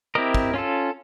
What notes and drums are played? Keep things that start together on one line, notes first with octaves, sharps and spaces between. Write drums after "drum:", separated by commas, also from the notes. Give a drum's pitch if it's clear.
C4 E4 G4 A#4 D#5
drum: kick
C#4 F4 A4